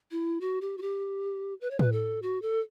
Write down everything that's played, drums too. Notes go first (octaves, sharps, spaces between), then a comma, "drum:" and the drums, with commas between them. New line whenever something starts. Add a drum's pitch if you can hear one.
E4
F#4
G4
F#4
G4
B4
C#5
B4, drum: tom A2
A4
F#4
A4